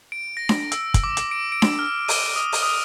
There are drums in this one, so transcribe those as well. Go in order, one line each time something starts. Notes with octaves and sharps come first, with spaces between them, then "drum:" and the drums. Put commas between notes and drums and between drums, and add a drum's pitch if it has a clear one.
D7
A#6
drum: snare D4
E6, drum: hi-hat
drum: kick, hi-hat
D6
drum: hi-hat
D7
D7
drum: snare D4
F6
D#7, drum: open hi-hat
D#6
drum: open hi-hat
D#6